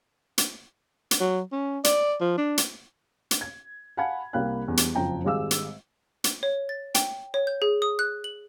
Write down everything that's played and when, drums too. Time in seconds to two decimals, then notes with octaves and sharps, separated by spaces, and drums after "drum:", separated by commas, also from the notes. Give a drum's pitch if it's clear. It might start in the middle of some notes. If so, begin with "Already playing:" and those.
0.38 drum: hi-hat
1.11 drum: hi-hat
1.20 F#3
1.52 C#4
1.84 D5, drum: hi-hat
2.21 F3
2.38 D4
2.58 drum: hi-hat
3.31 drum: hi-hat
3.41 G#6
3.97 F5 F#5 G#5 A5 B5 G#6
4.33 C2 A#3 F5 G5 B5 F#6
4.68 E2 G3
4.77 drum: hi-hat
4.95 F#1 F2 F3 G5 A#5
5.24 G#1 G3 G#3 F5 D6 E6
5.51 drum: hi-hat
6.24 drum: hi-hat
6.43 C#5
6.69 A6
6.95 G5, drum: hi-hat
7.34 C#5
7.47 G6
7.62 G#4
7.82 D#6
7.99 F#6
8.24 F#7